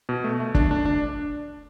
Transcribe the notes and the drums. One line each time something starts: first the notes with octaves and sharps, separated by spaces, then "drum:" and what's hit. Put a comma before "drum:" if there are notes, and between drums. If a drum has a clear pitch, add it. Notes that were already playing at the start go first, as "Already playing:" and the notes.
B2
A3
A3
D4, drum: kick
D4
D4